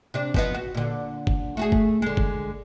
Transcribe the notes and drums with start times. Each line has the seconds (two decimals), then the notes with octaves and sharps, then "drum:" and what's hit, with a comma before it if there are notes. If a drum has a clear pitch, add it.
0.14 C3 D4
0.34 F3 B3 D#5, drum: kick F#1
0.54 F#4
0.74 A#2 D3
1.27 drum: kick F#1
1.57 A3 F#4 G#4
1.72 drum: kick F#1
2.02 D3 G#3
2.17 drum: kick F#1